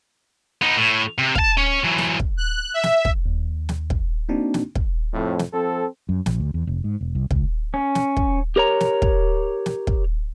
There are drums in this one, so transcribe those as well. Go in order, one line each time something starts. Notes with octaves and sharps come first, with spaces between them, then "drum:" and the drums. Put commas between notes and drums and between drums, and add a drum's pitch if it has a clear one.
B3 D#4
A2
C3
F5 A5, drum: kick
C#4 C#5
E3 F#3
drum: snare
drum: kick
F#6
E5
drum: snare
drum: kick
D#2
drum: snare
drum: kick
A#3 C4 D4 D#4 F#4
drum: snare
drum: kick
F2 A2
drum: snare
F3 C4 A4
F#2
A#1, drum: snare
D2
E2
F1
G#2
E1
C2
C#2, drum: kick
C#4
drum: snare
drum: kick
G4 A#4 C#5 A#5
drum: snare
drum: kick
drum: snare
drum: kick